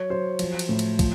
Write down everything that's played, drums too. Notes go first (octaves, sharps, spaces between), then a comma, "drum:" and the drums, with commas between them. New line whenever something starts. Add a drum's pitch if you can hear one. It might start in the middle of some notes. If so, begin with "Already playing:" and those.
Already playing: F#3 C#5
F#3 C5
F3, drum: cymbal
drum: cymbal
A2
drum: cymbal
F3, drum: kick, cymbal